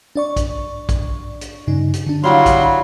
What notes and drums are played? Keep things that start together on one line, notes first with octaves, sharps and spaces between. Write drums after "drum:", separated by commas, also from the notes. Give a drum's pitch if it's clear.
D4 D5 C#6
drum: kick A#1, hi-hat
drum: kick A#1, hi-hat
drum: hi-hat
G2 C#3 D#4
drum: hi-hat
D3 D4
F#3 G3 E4 F4 F5 C6
drum: kick A#1, hi-hat